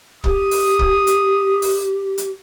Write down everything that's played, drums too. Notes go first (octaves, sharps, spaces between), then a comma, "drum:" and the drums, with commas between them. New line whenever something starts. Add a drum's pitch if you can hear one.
G4 D#6, drum: kick
drum: open hi-hat
drum: kick
drum: hi-hat
drum: open hi-hat
drum: hi-hat